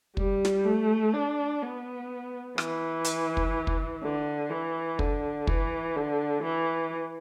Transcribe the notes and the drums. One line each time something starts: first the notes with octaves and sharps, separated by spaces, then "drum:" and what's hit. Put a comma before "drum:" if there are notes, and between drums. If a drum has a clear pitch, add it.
G3, drum: kick
drum: snare
A3
D4
B3
E3, drum: rim click
drum: hi-hat
drum: kick
drum: kick
D3
E3
D3, drum: kick
E3, drum: kick
D3
E3